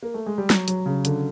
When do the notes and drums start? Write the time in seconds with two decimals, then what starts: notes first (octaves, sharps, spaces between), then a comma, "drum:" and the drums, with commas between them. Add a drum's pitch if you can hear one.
0.02 A#3
0.14 A3
0.26 G#3
0.38 G3
0.50 F#3, drum: snare
0.68 F#3, drum: hi-hat
0.86 C#3
1.05 D3, drum: hi-hat